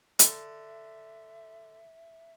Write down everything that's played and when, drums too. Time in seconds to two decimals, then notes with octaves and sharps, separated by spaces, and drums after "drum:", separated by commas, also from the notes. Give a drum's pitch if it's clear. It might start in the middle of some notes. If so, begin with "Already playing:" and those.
0.19 D3 E5, drum: hi-hat